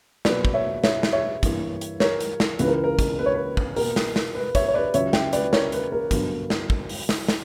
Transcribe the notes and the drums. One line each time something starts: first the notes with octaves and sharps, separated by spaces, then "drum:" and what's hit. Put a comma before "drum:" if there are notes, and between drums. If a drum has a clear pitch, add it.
B2 F#3 A#3 B4 D5, drum: snare
drum: kick
C#5 E5
C#5 E5, drum: snare
drum: snare
C#5 E5
G2 E3 A#3, drum: kick, hi-hat
drum: hi-hat
A#4 C#5, drum: snare
drum: hi-hat
drum: snare
C#2 C#3 E3 B4, drum: hi-hat
A#4
A#4
drum: kick, hi-hat
B4
C#5
B4
drum: kick
B2 A#3 A#4, drum: open hi-hat
drum: snare
drum: snare
B4
C#5 E5, drum: kick, hi-hat
C#5
B4 D5
C#2 C#3 F#3 C#5 E5, drum: hi-hat
E5 G5, drum: snare
B4 D5, drum: hi-hat
A#4 C#5, drum: snare
B4, drum: hi-hat
A#4
G2 D3 F#3 B3, drum: kick, hi-hat
drum: snare
drum: kick
drum: open hi-hat
drum: snare
drum: snare